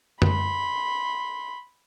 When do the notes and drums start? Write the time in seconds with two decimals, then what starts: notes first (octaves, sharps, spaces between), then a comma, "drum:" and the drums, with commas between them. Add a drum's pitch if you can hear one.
0.22 B5 C6, drum: tom F#2